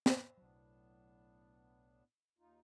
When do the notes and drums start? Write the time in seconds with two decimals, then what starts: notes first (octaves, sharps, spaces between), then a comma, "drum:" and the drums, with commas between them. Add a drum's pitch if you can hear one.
0.06 drum: snare
0.37 B1 A2 F#3 B3 D4
2.38 D#2 D#4 F4